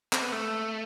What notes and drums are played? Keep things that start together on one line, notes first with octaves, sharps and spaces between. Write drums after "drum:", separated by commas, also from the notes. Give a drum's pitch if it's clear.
C4, drum: clap
B3
A3